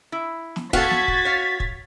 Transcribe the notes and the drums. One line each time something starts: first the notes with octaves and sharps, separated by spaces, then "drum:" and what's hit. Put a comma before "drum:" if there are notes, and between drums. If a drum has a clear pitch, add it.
E4
drum: snare
F#4 A4 F5 G#6 A6 B6, drum: kick
drum: snare
drum: kick
C#5 F5
drum: kick